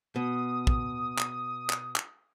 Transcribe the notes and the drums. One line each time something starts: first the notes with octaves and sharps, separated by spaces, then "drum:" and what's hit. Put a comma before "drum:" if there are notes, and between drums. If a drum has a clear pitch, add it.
B2 D#6
drum: kick
drum: clap
drum: clap
drum: clap